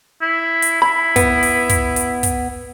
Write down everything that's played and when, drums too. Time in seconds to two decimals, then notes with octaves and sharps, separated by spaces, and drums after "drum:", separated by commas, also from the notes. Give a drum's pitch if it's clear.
0.22 E4
0.62 drum: hi-hat
0.82 E4 B5
1.16 B3, drum: kick, hi-hat
1.43 drum: open hi-hat
1.69 drum: kick, hi-hat
1.96 drum: hi-hat
2.23 drum: kick, hi-hat